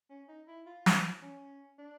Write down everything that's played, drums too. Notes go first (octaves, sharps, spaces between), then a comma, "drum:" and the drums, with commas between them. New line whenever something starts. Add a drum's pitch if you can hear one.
C#4
D#4
E4
F4
drum: snare
C#4
D4